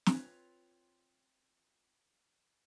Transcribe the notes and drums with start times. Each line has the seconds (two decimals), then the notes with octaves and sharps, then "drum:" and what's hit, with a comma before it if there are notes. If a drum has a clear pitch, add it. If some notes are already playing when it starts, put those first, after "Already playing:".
0.06 C4 F4 F#4 A4 B4 C#5, drum: snare